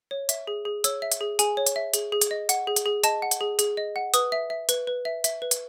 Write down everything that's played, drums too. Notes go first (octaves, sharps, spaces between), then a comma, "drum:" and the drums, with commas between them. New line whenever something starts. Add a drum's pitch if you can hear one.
C#5
E5, drum: hi-hat
G#4
G#4
C#5 E6, drum: hi-hat
E5
drum: hi-hat
G#4
G#4 G#5, drum: hi-hat
C#5
drum: hi-hat
E5
G#4, drum: hi-hat
G#4
drum: hi-hat
D#5
F#5, drum: hi-hat
G#4
drum: hi-hat
G#4
D#5 A5, drum: hi-hat
F#5
drum: hi-hat
G#4
G#4, drum: hi-hat
D#5
F#5
B4 D#6, drum: hi-hat
E5
E5
B4, drum: hi-hat
B4
E5
E5, drum: hi-hat
B4
drum: hi-hat